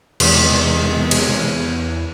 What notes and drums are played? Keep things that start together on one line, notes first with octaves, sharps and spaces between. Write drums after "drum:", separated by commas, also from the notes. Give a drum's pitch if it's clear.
E2 C3 D#3 G#3, drum: cymbal
drum: cymbal